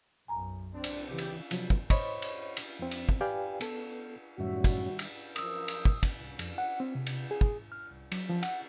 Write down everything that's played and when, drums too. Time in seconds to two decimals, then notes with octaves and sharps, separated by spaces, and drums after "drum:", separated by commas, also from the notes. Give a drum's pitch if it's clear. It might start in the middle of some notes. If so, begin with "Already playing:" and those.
0.28 B1 F#2 G#5 A#5
0.74 C4 D4
0.84 drum: cymbal
1.08 C#3 E3 G4
1.18 drum: cymbal
1.51 C3 F3 F#3, drum: cymbal
1.70 drum: kick
1.90 C5 C#5 D#5 B5 C#6, drum: kick, cymbal
2.22 drum: cymbal
2.57 drum: cymbal
2.79 F2 C4
2.91 drum: cymbal
3.09 drum: kick
3.21 G4 B4 D5 F5 G5 G#5
3.61 B3 A4, drum: cymbal
4.38 F#2 A2 D#3 G3 C#4 F#4 E5
4.64 drum: kick, cymbal
4.99 drum: cymbal
5.36 F#2 F3 A#4 D#6 E6, drum: cymbal
5.68 drum: cymbal
5.85 drum: kick
6.03 drum: kick, cymbal
6.20 C2
6.39 F2, drum: cymbal
6.58 F#5
6.80 C4
6.95 C3
7.07 drum: cymbal
7.31 G#4
7.41 drum: kick
7.72 F6
7.91 C2
8.12 F#3, drum: cymbal
8.30 F3
8.43 F#5, drum: cymbal